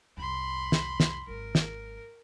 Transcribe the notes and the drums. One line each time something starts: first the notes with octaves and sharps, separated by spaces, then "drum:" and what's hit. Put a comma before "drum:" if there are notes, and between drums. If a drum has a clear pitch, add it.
C2 F2 B5 C6
drum: snare
drum: snare
G#1 F#3 A#4
drum: snare